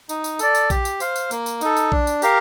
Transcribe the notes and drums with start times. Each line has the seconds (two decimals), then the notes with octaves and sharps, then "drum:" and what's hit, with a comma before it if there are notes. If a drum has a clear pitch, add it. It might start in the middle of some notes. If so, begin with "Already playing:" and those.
0.09 D#4, drum: tambourine
0.24 drum: tambourine
0.39 A4 D5, drum: tambourine
0.55 drum: tambourine
0.70 G4, drum: kick A#1, tambourine
0.85 drum: tambourine
1.00 C5 F5, drum: tambourine
1.16 drum: tambourine
1.31 A#3, drum: tambourine
1.46 drum: tambourine
1.61 D#4 A4, drum: tambourine
1.77 drum: tambourine
1.92 D4, drum: kick A#1
2.07 drum: tambourine
2.22 G4 A#4 F5, drum: tambourine